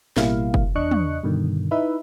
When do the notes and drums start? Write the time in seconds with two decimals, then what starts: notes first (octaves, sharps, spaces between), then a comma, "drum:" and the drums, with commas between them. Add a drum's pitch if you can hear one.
0.17 A1 B2 G3 A#3 E4 F5, drum: snare
0.54 drum: kick
0.75 E2 D4 D#5 C#6 F#6 C#7
0.91 drum: tom
1.23 G2 B2 D3 D#3
1.71 D#4 E4 B4 E5